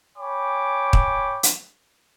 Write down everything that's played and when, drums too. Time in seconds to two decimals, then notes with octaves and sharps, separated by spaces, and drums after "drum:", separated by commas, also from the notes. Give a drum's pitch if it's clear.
0.18 C#5 G5 G#5 B5 D6
0.93 drum: kick
1.43 drum: hi-hat